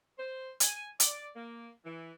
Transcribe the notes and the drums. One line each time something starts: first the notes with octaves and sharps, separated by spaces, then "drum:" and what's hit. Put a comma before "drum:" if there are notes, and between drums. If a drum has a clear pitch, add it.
C5
G#5, drum: hi-hat
D5, drum: hi-hat
A#3
E3